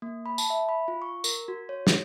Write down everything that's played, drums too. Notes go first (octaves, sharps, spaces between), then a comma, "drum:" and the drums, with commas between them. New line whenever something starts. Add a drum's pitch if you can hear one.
A#3
B5
A5, drum: tambourine
E5
B5
F4
C#6
A#4, drum: tambourine
F#4
C#5
drum: snare